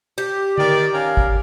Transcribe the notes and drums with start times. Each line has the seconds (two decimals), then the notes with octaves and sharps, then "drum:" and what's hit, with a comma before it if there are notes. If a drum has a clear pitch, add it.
0.18 G4
0.58 D#3 D5, drum: tom D3
0.94 C#4 A#4 F5
1.17 drum: kick G#1